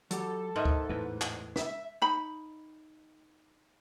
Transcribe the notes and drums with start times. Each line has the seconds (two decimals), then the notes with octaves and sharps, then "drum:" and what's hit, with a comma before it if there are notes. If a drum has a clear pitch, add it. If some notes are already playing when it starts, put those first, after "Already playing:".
0.11 F#3 F#4 G4 A4, drum: hi-hat
0.56 G#2 A#4 D#5 E5
0.65 drum: kick D2
0.89 E2 A2 B4
1.21 drum: clap
1.56 E5, drum: snare
2.02 D#4 B5